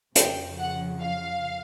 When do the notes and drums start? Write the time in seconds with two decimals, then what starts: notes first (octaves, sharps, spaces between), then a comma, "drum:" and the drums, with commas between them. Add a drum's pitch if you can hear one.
0.16 F2 C#3 F3 G5, drum: hi-hat
0.59 F#5
1.01 F5